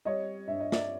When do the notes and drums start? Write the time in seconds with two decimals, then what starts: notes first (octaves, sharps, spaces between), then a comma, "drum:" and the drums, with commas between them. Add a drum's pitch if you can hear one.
0.05 G3 C#5 D#5
0.48 G2 E5
0.60 D#5
0.72 D5 E5, drum: snare